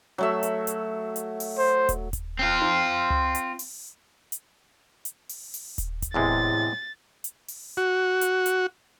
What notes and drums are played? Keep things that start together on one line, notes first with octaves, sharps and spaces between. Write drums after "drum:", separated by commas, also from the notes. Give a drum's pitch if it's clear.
F#3 A3 E5
drum: hi-hat
drum: hi-hat
drum: hi-hat
drum: open hi-hat
C5
drum: kick D#1, hi-hat
drum: kick D#1, hi-hat
C4 F4
drum: tom D#4
drum: tom C#2
drum: hi-hat
drum: open hi-hat
drum: hi-hat
drum: hi-hat
drum: open hi-hat
drum: open hi-hat
drum: kick D#1, hi-hat
drum: kick D#1, hi-hat
E2 A2 C3 G#3 A6
drum: hi-hat
drum: open hi-hat
F#4
drum: hi-hat
drum: hi-hat